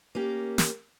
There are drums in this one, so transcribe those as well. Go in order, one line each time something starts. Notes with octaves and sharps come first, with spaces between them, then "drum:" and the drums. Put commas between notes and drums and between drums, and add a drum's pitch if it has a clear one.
A#3 C#4 G4
drum: snare